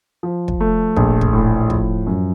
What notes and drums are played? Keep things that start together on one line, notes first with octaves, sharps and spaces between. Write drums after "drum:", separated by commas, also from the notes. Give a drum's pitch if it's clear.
F3
drum: kick
A3
A#1, drum: kick
drum: kick
A2
F3, drum: kick
F#2